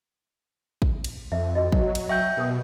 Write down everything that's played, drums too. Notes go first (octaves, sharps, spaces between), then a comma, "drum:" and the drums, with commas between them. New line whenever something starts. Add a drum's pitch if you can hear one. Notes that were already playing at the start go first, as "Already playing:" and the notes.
drum: kick
drum: cymbal
F2 E5
F#4 D#5
F#3, drum: kick
drum: cymbal
E5 G5 C#6 G6
B2 G4 A#4 D#6